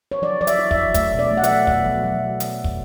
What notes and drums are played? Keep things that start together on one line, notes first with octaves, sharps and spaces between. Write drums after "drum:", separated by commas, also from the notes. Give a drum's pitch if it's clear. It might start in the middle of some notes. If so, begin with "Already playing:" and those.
C#5
F#3 D5
F#3 D5
E5, drum: hi-hat
E4
E5, drum: kick
F#3
A3 E5, drum: kick, hi-hat
B2
D5
A3
F#5
E5, drum: hi-hat
F#3
B2 E5, drum: kick
F#3
F#3
drum: hi-hat
drum: kick